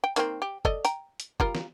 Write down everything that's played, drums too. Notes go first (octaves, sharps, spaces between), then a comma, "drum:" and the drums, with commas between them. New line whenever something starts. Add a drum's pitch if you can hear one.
G5
D#3 A#3 C4, drum: hi-hat
G4
A4 D5 D#5, drum: kick F#1
G5 A#5, drum: hi-hat
drum: hi-hat
G3 F4 A#4, drum: kick F#1
drum: snare